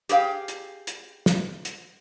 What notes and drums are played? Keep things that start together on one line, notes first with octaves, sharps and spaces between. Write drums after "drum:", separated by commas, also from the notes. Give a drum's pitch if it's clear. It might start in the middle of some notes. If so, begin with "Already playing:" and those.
G4 G#4 B4 F5 G5, drum: hi-hat
drum: hi-hat
drum: hi-hat
drum: snare
drum: hi-hat